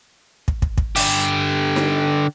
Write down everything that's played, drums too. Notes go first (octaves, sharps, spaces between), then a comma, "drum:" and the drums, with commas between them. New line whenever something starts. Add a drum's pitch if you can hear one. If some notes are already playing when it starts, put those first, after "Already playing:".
drum: kick
drum: kick
drum: kick
D3 G4, drum: open hi-hat
drum: snare D#4